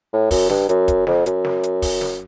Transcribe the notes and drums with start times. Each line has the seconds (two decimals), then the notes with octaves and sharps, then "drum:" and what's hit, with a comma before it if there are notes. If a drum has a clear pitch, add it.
0.13 A2
0.31 F#2, drum: kick, open hi-hat
0.50 G2, drum: snare
0.69 F#2, drum: hi-hat
0.88 drum: kick, hi-hat
1.07 F2, drum: snare
1.26 F#2, drum: hi-hat
1.45 drum: snare
1.63 drum: hi-hat
1.82 drum: kick, open hi-hat
2.01 drum: snare